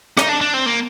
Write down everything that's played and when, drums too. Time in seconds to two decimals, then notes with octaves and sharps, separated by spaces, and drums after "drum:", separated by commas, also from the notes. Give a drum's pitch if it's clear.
0.17 D#4, drum: rim click
0.29 D4
0.41 D4
0.54 C4
0.66 A#3